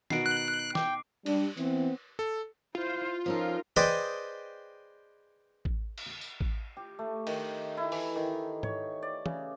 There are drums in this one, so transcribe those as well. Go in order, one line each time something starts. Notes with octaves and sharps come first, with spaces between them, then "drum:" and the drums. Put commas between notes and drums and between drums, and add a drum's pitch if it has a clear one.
B2 D#3 F#4 C7 D7, drum: snare
F#6
G5 D6, drum: snare
G3 D4, drum: cymbal
E3 B3 C4, drum: hi-hat
A4
E4 F4 C5
F3 C#4 D#4 A4 A#4
G#4 B4 C5 D5 D#5 G5, drum: tom
drum: kick A1
drum: cymbal
drum: tambourine
drum: kick A1
G4
A3
D#3, drum: cymbal
E4
E3, drum: open hi-hat
D#3
C#5, drum: tom G#2
D5
C#3, drum: tom